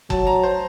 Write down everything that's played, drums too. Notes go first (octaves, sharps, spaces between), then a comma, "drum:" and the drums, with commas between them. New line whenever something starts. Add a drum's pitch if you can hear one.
F#3 A5, drum: kick G1
A#5
C5